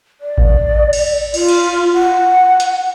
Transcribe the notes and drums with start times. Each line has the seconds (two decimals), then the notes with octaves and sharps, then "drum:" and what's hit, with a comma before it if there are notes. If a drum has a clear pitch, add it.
0.21 D5
0.38 drum: kick A1
0.93 drum: cymbal
1.34 F4, drum: cymbal
1.48 drum: cymbal
1.94 F#5
2.60 drum: hi-hat